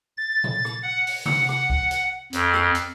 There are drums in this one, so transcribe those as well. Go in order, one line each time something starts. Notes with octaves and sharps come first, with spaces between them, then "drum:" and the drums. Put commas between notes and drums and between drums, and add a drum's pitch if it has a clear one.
A6
drum: tom A#2
drum: rim click
F#5
drum: open hi-hat
F#5, drum: tom C3
drum: rim click
drum: kick C#2
drum: hi-hat
F2, drum: hi-hat
drum: rim click
drum: hi-hat